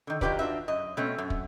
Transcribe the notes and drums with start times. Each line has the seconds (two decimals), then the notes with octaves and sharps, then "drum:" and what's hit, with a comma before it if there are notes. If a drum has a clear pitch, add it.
0.07 D3 D#3
0.21 D#3 F#3 F4 G4 B4 D5, drum: kick
0.39 D4 F4 F#4 E5
0.68 F#2 D#5
0.97 B2 A3 C4 C#4
1.18 F#2
1.30 drum: kick